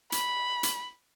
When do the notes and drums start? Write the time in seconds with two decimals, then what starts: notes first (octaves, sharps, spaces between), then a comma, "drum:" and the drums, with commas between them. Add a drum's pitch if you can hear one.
0.12 B5, drum: hi-hat
0.63 drum: hi-hat